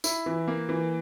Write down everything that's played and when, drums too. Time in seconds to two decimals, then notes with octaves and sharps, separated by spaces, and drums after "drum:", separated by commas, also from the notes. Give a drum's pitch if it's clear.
0.04 E4, drum: tambourine
0.26 E3
0.47 A#3
0.69 E3